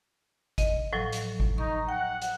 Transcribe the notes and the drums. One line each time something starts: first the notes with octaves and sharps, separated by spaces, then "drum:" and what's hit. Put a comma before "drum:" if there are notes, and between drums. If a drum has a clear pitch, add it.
D#5, drum: kick G#1, hi-hat
A2 F3 F#3
drum: hi-hat
drum: kick G#1
D#4 C#6
F#5 G5
drum: hi-hat